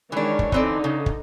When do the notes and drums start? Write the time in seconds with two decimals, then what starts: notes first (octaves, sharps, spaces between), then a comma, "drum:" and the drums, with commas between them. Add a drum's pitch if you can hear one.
0.12 D#3 E3 G#3 D4 C#5
0.39 drum: kick
0.52 D3 E3 C4 D#4 D5, drum: kick
0.84 C#3
1.06 drum: kick